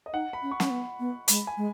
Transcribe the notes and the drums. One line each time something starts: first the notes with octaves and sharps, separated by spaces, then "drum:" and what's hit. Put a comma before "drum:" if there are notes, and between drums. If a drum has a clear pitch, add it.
D#5
D#4 F#5
B5
C#4
C#6
C#4, drum: snare
B3
B3
G#3 B5, drum: hi-hat
G#5
G#3